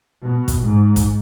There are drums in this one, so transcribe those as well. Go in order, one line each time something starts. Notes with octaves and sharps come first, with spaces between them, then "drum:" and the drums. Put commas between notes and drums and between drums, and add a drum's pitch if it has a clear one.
B2
drum: kick, hi-hat
G#2
drum: kick, hi-hat